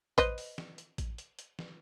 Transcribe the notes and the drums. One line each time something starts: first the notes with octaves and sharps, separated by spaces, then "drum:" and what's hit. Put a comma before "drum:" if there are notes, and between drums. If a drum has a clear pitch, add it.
B4 C5 D#5, drum: kick A1, hi-hat
drum: open hi-hat
drum: snare
drum: hi-hat
drum: kick A1, hi-hat
drum: hi-hat
drum: hi-hat
drum: snare